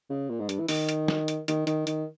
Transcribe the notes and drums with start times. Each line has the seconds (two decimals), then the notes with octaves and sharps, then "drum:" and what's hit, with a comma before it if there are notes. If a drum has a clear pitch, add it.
0.10 C#3
0.30 A#2
0.40 G#2
0.49 G2, drum: hi-hat
0.59 E3
0.68 D#3, drum: open hi-hat
0.89 drum: hi-hat
1.08 drum: snare
1.28 drum: hi-hat
1.48 D#3, drum: hi-hat
1.67 D#3, drum: hi-hat
1.87 D#3, drum: hi-hat